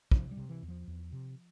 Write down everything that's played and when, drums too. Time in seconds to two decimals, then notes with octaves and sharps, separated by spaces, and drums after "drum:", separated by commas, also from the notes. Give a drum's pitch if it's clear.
0.12 C3 F3, drum: kick
0.31 G3
0.37 C3
0.49 E3
0.63 E2
0.68 F3
0.88 E2
1.12 C3